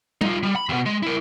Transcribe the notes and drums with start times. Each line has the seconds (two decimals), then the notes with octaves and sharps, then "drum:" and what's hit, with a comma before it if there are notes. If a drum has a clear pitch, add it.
0.21 D#4 F4, drum: tom G3
0.43 G3
0.56 B5
0.69 D#2 B2
0.86 G#3
1.03 E4 A#4